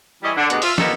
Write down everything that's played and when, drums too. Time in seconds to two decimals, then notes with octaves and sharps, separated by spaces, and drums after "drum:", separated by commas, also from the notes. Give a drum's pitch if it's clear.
0.23 E3 G3 E4 G#4 C#5 D#5
0.37 D3
0.50 D2 B2 G#3 G4 F#5, drum: hi-hat
0.62 F4 E5, drum: open hi-hat
0.78 A#2 A#3 B3 D#4 G4 A4, drum: snare